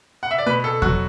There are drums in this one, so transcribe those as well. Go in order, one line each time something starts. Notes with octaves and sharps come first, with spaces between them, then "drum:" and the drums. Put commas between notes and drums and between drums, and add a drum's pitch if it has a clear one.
F#5
E5
D5
B2 B4
A4
F#3 F#4, drum: kick E2